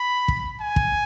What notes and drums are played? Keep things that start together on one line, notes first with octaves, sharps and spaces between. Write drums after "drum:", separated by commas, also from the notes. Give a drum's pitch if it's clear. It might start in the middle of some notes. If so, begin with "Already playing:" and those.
Already playing: B5
drum: kick
G#5
drum: kick